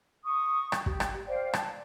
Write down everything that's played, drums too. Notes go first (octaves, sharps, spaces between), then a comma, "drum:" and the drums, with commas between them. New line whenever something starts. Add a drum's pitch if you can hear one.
C#6 D#6
drum: rim click
G4, drum: kick
drum: rim click
C5 D5 F5 G5
A5, drum: rim click
D5